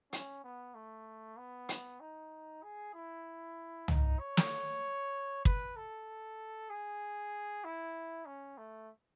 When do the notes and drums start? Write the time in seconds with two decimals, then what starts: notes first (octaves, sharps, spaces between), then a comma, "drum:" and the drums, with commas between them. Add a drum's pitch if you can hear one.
0.13 C#4, drum: hi-hat
0.44 B3
0.75 A3
1.38 B3
1.69 drum: hi-hat
2.00 D#4
2.63 G#4
2.94 E4
3.88 D#4, drum: tom
4.19 C#5
4.37 drum: snare
5.45 B4, drum: kick
5.76 A4
6.70 G#4
7.64 E4
8.26 C#4
8.58 A3